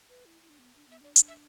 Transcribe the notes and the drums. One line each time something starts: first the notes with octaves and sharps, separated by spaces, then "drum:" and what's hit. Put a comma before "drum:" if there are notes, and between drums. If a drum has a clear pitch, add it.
B4
E4
E4
D4
B3
D4
B3 E5
D4 D5
drum: hi-hat
E5